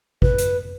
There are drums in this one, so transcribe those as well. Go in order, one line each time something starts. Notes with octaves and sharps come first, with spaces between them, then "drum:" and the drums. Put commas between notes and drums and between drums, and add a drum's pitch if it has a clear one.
B4, drum: kick
drum: hi-hat